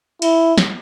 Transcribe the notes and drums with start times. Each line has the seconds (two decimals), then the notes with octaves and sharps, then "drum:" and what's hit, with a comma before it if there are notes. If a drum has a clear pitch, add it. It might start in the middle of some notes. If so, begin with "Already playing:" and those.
0.22 E4, drum: cymbal
0.58 drum: snare